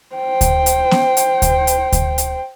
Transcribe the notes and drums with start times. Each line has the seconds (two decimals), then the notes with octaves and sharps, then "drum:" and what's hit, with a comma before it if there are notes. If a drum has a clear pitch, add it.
0.16 C5 G5
0.41 drum: kick D2, hi-hat
0.66 drum: hi-hat
0.91 drum: snare B3
1.17 drum: hi-hat
1.42 drum: kick D2, hi-hat
1.67 drum: hi-hat
1.92 drum: kick D2, hi-hat
2.18 drum: hi-hat